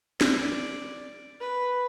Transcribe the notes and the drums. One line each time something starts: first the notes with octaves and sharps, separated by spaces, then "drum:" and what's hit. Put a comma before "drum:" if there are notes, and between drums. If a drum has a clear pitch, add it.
D5, drum: snare
B4